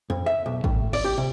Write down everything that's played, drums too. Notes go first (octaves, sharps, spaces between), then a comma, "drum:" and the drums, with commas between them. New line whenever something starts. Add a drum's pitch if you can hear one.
F2
E5
B1
A2, drum: kick
D5, drum: cymbal
G4
C3